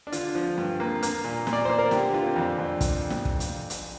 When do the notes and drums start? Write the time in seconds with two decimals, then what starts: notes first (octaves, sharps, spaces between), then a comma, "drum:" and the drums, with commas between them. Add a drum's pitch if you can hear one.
0.07 D4
0.12 D3 F4, drum: hi-hat
0.35 F3
0.58 G2
0.80 A#3
1.03 A#3, drum: hi-hat
1.24 A#2
1.47 A#2, drum: snare
1.53 D5
1.65 A#3 C5
1.78 A#4
1.91 D3 G4, drum: snare
2.14 A#3 F4
2.27 C4
2.36 F2 D4
2.58 F2
2.81 drum: kick, hi-hat
3.10 drum: snare
3.25 drum: kick
3.40 drum: hi-hat
3.70 drum: hi-hat